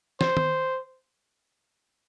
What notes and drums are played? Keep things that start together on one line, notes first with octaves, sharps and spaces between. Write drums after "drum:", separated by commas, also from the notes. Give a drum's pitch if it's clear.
C5, drum: snare
drum: tom